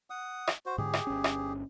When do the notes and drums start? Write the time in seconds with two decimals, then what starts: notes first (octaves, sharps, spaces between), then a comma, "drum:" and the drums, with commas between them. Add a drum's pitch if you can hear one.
0.10 F#5 D#6
0.47 drum: rim click
0.66 F#4 C5
0.78 G#2 D3 G4 G#4
0.93 drum: rim click
1.07 G1 C#4
1.24 drum: rim click